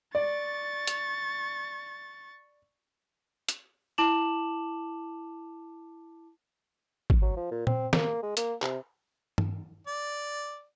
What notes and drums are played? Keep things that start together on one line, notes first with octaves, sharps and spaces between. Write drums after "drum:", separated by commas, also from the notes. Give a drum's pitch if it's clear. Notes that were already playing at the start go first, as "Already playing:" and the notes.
D5 C#6 A6
drum: hi-hat
drum: hi-hat
E4 A5 D6 E7 F#7
drum: kick
F#3
F3
A#2
C4, drum: tom A#2
A#3, drum: snare
G#3
A#3, drum: hi-hat
C3, drum: clap
drum: tom G2
D5